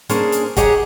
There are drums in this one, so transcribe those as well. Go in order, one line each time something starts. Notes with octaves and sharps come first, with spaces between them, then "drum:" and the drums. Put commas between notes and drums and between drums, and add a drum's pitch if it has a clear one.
A#3 C#4 D4 G#4 A#4 C5, drum: hi-hat
drum: hi-hat
G4 G#4 A#4 C#5 D#5 F#5, drum: kick, hi-hat